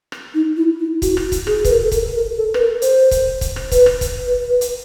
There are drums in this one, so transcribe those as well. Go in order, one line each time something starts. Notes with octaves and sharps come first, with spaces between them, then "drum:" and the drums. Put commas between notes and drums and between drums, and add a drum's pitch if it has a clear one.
drum: rim click
D#4
E4
E4
F#4, drum: kick, hi-hat
drum: rim click
drum: kick, hi-hat
G#4, drum: rim click
B4, drum: kick, hi-hat
A#4
A4
A#4, drum: kick, hi-hat
A#4
A4
B4, drum: rim click
A#4
C5, drum: hi-hat
drum: kick, hi-hat
drum: kick, hi-hat
drum: rim click
B4, drum: kick, hi-hat
drum: rim click
drum: kick, hi-hat
B4
B4
drum: hi-hat